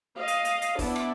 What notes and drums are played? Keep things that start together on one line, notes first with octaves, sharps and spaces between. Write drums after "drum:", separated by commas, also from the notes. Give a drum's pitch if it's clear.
D#5 F5
drum: hi-hat
drum: hi-hat
drum: hi-hat
B3 D4 E4 D5, drum: kick, open hi-hat
drum: rim click